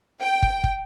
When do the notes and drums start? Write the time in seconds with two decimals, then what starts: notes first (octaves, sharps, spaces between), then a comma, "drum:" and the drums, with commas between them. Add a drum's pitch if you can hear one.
0.21 G5
0.42 drum: kick
0.64 drum: kick